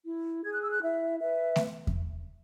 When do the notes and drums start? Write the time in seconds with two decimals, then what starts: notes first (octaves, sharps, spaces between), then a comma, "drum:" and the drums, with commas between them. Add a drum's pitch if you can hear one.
0.04 E4
0.43 G#4 G#6
0.52 F#6
0.61 E6
0.70 F#6
0.81 E4 E5
1.20 B4 E5
1.56 drum: snare A3
1.87 drum: kick E2